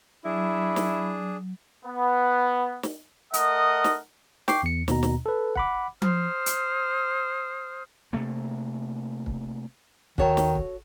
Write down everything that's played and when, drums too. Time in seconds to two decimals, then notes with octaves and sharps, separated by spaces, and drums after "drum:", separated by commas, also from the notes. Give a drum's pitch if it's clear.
0.25 F#3 D4 E4 G#4 B5
0.76 drum: snare
1.85 B3
2.83 drum: snare
3.34 A3 A#4 D#5 F#5 D#6, drum: hi-hat
3.84 drum: snare
4.48 G5 C#6 D6 C7, drum: snare
4.63 E2 C#7
4.88 D#2 B2 A#5, drum: snare
5.03 drum: snare
5.26 A4 B4
5.56 F#5 B5 D6, drum: kick
6.02 C5 D#6 F6, drum: tom F3
6.46 drum: hi-hat
8.13 C3 A3 A#3
9.26 drum: kick
10.18 D#2 D#3 F#4 A4 C#5, drum: kick
10.37 drum: snare
10.55 drum: kick